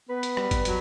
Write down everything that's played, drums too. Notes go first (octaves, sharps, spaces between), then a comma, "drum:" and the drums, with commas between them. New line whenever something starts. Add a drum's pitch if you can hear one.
B3 B4
drum: hi-hat
G3, drum: rim click
drum: kick, hi-hat
F#3, drum: hi-hat